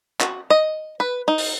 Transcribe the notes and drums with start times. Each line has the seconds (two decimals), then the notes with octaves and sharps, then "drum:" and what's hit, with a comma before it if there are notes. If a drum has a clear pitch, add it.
0.21 F#4, drum: clap
0.50 D#5
1.00 B4
1.28 D#4
1.38 drum: open hi-hat